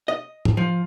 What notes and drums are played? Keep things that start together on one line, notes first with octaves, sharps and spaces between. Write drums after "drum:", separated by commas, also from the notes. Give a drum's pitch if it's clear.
D#5
drum: tom
F3